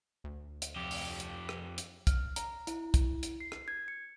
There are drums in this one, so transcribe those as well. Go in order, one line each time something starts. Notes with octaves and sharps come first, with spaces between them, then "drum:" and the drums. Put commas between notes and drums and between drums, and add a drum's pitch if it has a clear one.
D2
drum: hi-hat
F2 G4
drum: open hi-hat
drum: hi-hat
drum: rim click
drum: hi-hat
F6, drum: kick, hi-hat
A#5, drum: hi-hat
E4, drum: hi-hat
drum: kick, hi-hat
drum: hi-hat
C7
drum: rim click
G#6
C#7